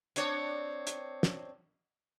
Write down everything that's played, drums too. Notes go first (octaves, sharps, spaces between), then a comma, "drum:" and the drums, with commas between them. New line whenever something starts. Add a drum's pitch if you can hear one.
C4 D4 C#5, drum: hi-hat
drum: hi-hat
drum: snare